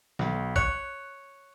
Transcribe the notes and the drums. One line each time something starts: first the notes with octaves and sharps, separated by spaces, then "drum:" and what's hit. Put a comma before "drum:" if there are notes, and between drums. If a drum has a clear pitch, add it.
B1, drum: snare
C#5 F#6, drum: kick A1